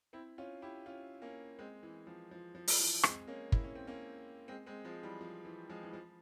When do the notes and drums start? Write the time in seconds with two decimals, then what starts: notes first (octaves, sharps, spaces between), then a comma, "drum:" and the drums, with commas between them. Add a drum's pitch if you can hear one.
0.13 C4 E4
0.38 C#4 F4
0.62 E4 G4
0.86 C#4 F4
1.22 A#3 C#4
1.59 G#3 C4
1.83 E3
2.07 F3
2.31 F3
2.55 F3
2.68 F3, drum: open hi-hat
2.79 E3
3.03 G#3 C4, drum: rim click
3.27 A#3 C#4
3.52 E4, drum: kick
3.64 C#4
3.75 C4
3.87 A#3 C#4
4.48 G#3 C4
4.66 G#3 C4
4.85 F3 G#3
5.03 E3 G3
5.21 F3
5.45 E3
5.69 F3 G#3
5.83 E3
5.93 F3